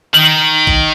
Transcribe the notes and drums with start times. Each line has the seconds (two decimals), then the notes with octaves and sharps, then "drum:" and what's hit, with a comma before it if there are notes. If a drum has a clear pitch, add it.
0.14 D#3 F#7
0.67 drum: kick G#1